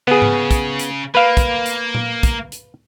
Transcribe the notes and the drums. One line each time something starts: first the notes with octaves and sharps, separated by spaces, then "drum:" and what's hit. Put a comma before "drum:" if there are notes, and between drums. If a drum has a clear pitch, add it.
C#3 B3 G#4
drum: tom G#2
drum: kick, hi-hat
drum: hi-hat
A#3 B4 F5
drum: kick, hi-hat
drum: hi-hat
drum: tom A#2
drum: kick, hi-hat
drum: hi-hat